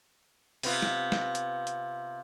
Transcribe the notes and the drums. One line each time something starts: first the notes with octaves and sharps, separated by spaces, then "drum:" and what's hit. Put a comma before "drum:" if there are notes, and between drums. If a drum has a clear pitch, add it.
C3 B3 F4, drum: open hi-hat
drum: snare
drum: snare
drum: hi-hat
drum: hi-hat